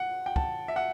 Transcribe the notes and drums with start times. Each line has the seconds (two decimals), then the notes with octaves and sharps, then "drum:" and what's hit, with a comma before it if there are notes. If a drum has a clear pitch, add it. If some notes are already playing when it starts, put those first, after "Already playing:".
Already playing: F#5
0.26 G5
0.36 A5, drum: kick
0.68 E5
0.76 F#5